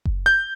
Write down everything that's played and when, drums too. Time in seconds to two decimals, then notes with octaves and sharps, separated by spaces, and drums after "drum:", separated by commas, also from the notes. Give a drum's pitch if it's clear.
0.05 drum: kick F#1
0.26 G6